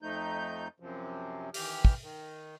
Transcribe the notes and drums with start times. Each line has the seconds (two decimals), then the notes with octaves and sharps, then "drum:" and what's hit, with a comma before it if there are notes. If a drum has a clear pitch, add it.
0.02 F2 F3 A3 D#4 G6
0.80 F#2 C3 F3
1.54 D#3 E3 G4 F6, drum: open hi-hat
1.85 drum: kick
2.02 D#3